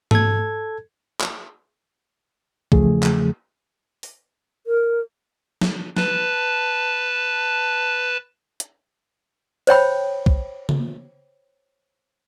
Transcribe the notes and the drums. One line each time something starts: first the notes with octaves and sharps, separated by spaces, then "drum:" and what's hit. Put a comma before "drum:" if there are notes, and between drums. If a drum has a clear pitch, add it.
A4 G#6, drum: tom G#2
drum: clap
E2 C#3 F3 A3 G#4, drum: kick
drum: clap
drum: open hi-hat
A#4
drum: snare
B4 A5, drum: snare
drum: hi-hat
C5 C#5 G5 B5, drum: cymbal
drum: kick
drum: tom C#3